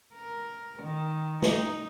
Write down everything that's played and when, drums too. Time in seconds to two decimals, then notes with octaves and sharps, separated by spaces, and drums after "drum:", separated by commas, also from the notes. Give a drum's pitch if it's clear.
0.14 A#4
0.82 D#3
1.42 D#4, drum: snare